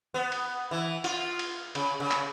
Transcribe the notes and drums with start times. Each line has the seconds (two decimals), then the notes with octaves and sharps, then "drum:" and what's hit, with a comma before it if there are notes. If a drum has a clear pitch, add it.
0.14 B3
0.32 drum: cymbal
0.71 E3
1.04 F4, drum: cymbal
1.39 drum: cymbal
1.75 C#3, drum: cymbal
2.00 C#3
2.11 drum: clap